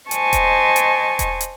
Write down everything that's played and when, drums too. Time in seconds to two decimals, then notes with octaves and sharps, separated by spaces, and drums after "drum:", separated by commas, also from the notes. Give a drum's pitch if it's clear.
0.11 C5 D#5 G#5 A5 C#6, drum: hi-hat
0.33 drum: kick E1, hi-hat
0.76 drum: hi-hat
1.19 drum: kick E1, hi-hat
1.41 drum: hi-hat